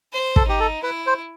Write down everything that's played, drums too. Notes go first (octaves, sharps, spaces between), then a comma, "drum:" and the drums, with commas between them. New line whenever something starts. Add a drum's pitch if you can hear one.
C5
A4, drum: kick
D#4 G4
A4
E4 B4
C5